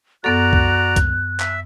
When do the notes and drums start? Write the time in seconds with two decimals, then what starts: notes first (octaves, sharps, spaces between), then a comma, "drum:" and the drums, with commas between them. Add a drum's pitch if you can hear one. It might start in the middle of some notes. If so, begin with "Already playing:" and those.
0.24 F#2 B3 F#4 A4 D5 A#5 F#6
0.53 drum: kick C2
0.96 drum: kick C2, hi-hat
1.40 E5, drum: clap